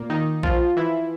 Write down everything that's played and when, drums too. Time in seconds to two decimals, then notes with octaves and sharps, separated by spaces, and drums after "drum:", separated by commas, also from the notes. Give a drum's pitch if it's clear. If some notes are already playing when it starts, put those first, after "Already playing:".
Already playing: A#2 A#3
0.10 D#3 D#4
0.43 F3 F4, drum: kick A#1
0.77 E3 E4